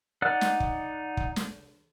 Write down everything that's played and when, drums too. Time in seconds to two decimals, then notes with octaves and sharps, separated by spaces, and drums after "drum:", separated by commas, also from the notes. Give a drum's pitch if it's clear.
0.22 D#4 D5 F#5 F#6
0.41 drum: snare
0.60 drum: kick
1.17 drum: kick
1.36 drum: snare